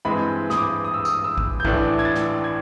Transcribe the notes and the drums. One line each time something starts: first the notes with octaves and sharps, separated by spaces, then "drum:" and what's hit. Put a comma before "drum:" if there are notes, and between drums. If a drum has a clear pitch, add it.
G2 E3 G#3 C4 B5
D#6, drum: snare
D6
D#6
E6
D#6, drum: tambourine
E6
drum: kick
G6
A1 A2 E3 A3 D4 F#6, drum: kick
G#6
A6
drum: snare
G#6